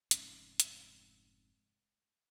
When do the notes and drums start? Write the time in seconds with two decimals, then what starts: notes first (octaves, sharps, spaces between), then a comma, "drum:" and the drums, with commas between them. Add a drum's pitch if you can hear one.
0.11 F1 G#2 C#4, drum: hi-hat
0.60 drum: hi-hat